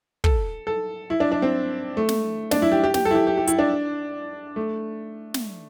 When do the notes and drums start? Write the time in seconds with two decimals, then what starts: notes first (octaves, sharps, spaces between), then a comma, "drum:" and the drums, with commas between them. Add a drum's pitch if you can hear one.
0.24 A4, drum: kick
0.67 A4
1.10 E4
1.20 D4
1.32 D4
1.42 C4
1.97 A3
2.09 drum: snare
2.51 D4, drum: snare
2.62 E4
2.72 G4
2.84 G4
2.94 G4, drum: snare
3.05 A4
3.11 E4
3.15 G4
3.27 G4
3.38 G4
3.47 E4, drum: hi-hat
3.59 D4
4.56 A3
5.34 drum: snare